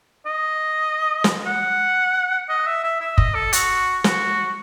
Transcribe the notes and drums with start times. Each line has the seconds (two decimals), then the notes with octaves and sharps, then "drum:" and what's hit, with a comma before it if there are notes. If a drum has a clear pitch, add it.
0.26 D#5
1.24 drum: snare
1.46 F#5
2.49 D#5
2.67 E5
2.84 E5
3.01 E5
3.18 D#5, drum: kick
3.35 A4
3.53 F#4, drum: hi-hat
4.04 F#4, drum: snare